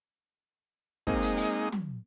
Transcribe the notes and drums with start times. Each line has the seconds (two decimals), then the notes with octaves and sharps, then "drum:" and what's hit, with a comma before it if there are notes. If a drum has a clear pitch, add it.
1.07 G#3 A#3 C4 D#4, drum: kick
1.22 drum: hi-hat
1.37 drum: open hi-hat
1.72 drum: tom